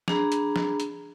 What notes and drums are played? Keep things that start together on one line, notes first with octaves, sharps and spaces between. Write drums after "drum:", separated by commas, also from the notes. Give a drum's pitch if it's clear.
D4 G#4 A#5 B5, drum: snare
drum: hi-hat
drum: snare
drum: hi-hat